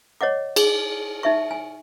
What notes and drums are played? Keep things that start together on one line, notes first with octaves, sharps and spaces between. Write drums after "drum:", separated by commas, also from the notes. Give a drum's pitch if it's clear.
C#5 D#5 F#5 D6
G#4, drum: cymbal
D#4 E5 C#6
G#5